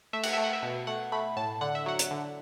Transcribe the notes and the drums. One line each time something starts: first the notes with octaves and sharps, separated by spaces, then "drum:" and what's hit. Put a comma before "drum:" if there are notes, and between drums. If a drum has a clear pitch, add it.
A3 E5
F#5, drum: cymbal
A3 E5
F#5
E5
B2
A3 F#5
A3 B5
A2 A5
D3 F#5
E5
F#3 F#5
drum: hi-hat
D3